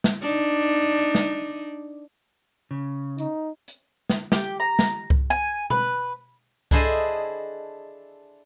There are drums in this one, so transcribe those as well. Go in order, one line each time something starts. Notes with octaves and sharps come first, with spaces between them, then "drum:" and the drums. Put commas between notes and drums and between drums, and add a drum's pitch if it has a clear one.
drum: snare
D4 D#4
drum: snare
C#3
D#4, drum: tambourine
drum: hi-hat
drum: snare
G4, drum: snare
A#5
drum: snare
drum: kick C2
G#5
B4, drum: tom B2
D4 E4 G#4 A4 C5 D#5, drum: kick C2